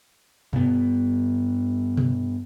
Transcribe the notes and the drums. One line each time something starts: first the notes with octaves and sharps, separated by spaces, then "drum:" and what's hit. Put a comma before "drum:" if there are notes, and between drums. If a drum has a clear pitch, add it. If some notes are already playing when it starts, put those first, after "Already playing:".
G2 B3, drum: tom B2
drum: tom B2